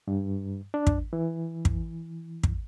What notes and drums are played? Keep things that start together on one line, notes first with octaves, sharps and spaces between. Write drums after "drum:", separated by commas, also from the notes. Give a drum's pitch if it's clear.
G2
D4
drum: kick
E3
drum: kick
drum: kick